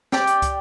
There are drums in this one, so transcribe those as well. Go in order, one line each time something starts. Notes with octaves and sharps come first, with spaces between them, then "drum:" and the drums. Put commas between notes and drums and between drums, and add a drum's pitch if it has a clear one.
G4 D5 G5, drum: snare
drum: hi-hat
drum: kick, hi-hat